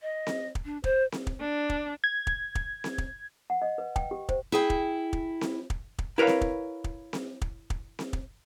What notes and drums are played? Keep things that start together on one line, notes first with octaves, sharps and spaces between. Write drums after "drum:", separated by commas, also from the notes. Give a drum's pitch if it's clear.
D#5
drum: snare C4
drum: kick
D4
C5, drum: kick
drum: snare C4
drum: kick
D4
drum: kick
G#6
drum: kick
drum: kick
drum: snare C4
drum: kick
F#5
D#5
B4
G5, drum: kick
G4
C5, drum: kick
E4 G#4 G5
drum: kick
drum: kick
drum: snare C4
drum: kick
drum: kick
E4 A#4 B4 C#5 F5
drum: snare C4
drum: kick
drum: kick
drum: snare C4
drum: kick
drum: kick
drum: snare C4
drum: kick